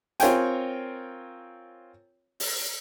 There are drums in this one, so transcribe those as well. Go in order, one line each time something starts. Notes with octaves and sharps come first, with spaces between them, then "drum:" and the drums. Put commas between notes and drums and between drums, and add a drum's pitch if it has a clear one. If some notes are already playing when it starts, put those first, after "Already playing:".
C4 F4 A#4 C#5 G5 G#5, drum: hi-hat
drum: open hi-hat